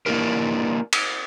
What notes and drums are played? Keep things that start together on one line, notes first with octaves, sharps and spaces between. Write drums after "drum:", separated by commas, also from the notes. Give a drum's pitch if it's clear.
A#3 D4 E4 G4 A#4
drum: cymbal